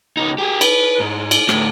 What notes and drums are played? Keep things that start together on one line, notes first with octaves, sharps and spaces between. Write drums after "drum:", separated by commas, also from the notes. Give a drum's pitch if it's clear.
C#2 D#4
G4 G#4
B4, drum: cymbal
G#2
drum: cymbal
D2 A2, drum: rim click